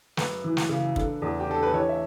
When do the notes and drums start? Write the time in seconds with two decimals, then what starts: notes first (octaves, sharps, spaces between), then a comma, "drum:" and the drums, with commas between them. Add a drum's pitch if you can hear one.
0.17 F#2 B4, drum: snare
0.44 E3
0.57 drum: snare
0.69 C#3
0.96 D3, drum: kick
1.22 E2
1.40 G4
1.48 D3 A4
1.63 B4
1.73 E3 C#5
1.89 E5